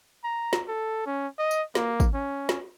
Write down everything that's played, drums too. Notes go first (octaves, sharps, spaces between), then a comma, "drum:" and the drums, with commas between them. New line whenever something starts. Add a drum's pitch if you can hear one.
A#5
drum: snare
A4
C#4
D#5
drum: tambourine
A#3, drum: snare
drum: kick, tambourine
C#4
drum: snare